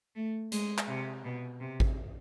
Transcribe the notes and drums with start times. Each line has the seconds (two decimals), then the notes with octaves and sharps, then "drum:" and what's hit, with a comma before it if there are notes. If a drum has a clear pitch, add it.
0.15 A3
0.52 G#3, drum: hi-hat
0.78 drum: clap
0.88 C3
1.24 B2
1.60 C3
1.80 drum: kick G#1